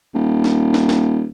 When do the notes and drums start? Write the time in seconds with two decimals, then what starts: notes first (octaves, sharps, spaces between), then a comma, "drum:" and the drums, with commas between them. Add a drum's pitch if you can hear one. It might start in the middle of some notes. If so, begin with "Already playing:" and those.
0.14 D#1
0.44 drum: snare
0.74 drum: snare
0.89 drum: snare